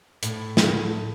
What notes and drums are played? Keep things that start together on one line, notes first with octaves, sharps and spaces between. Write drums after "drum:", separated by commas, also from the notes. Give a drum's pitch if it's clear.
A2, drum: hi-hat
drum: snare